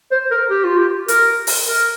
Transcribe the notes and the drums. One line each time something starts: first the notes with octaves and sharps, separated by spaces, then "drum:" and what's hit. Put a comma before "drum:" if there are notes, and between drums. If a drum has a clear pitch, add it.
C5
A#4
G4
F4
G4
A#4, drum: hi-hat
drum: open hi-hat
A#4